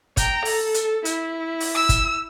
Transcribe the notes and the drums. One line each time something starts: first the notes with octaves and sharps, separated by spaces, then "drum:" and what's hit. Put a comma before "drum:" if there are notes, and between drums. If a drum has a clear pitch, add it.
G5 A#5, drum: kick G1, hi-hat
A4, drum: open hi-hat
drum: hi-hat
E4, drum: hi-hat
drum: open hi-hat
E6
drum: kick G1, hi-hat